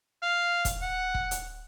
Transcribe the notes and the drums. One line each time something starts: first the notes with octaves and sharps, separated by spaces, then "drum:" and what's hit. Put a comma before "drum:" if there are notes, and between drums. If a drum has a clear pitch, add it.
F5
drum: kick E1, hi-hat
F#5
drum: kick E1
drum: hi-hat